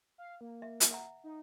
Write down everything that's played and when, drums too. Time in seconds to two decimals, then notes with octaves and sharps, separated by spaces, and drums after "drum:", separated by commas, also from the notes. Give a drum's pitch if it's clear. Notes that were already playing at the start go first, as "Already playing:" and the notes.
0.18 F5
0.41 A#3
0.62 E5
0.80 drum: hi-hat
0.91 E5 F#5 A#5
1.24 D#4